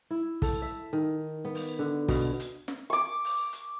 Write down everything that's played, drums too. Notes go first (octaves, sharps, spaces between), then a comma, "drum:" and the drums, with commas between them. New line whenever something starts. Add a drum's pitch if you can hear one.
E4
A4, drum: kick, open hi-hat
E5
D#3
B3
drum: open hi-hat
D3
B2, drum: kick, open hi-hat
drum: hi-hat
drum: snare
C#6 D6
drum: open hi-hat
drum: hi-hat